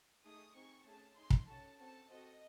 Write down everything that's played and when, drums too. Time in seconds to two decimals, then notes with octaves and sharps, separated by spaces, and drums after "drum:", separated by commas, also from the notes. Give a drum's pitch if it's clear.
0.24 A3 D#4 G#4 D#6
0.55 C4 D#4 G#4 C#6
0.85 A3 C#4 G#4 A5
1.17 D#4 G#4 C6
1.30 drum: kick
1.48 C#4 F#4 A4 A5
1.78 C4 F#4 A4 A5
2.09 C4 F#4 A4 D#5